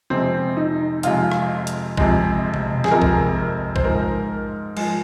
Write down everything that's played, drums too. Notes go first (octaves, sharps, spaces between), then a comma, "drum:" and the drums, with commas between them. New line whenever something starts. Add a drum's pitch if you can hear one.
F2 C3 F3 G#3 C4
D#4
F2 C3 F3 G#3 F4, drum: hi-hat
drum: rim click
drum: hi-hat
F2 C3 F3 G#3, drum: kick
drum: tom B2
G#4, drum: snare
F2 C3 F3 G#3 A#4
drum: kick
C5, drum: kick
G#2 F3 G#3 A#4
F3 G#3, drum: cymbal